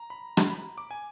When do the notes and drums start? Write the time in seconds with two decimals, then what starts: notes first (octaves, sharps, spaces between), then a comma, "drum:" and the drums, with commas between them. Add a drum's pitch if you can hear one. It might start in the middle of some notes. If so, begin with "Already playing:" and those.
Already playing: A#5
0.10 B5
0.37 B5, drum: rim click
0.50 B5
0.78 D6
0.91 G#5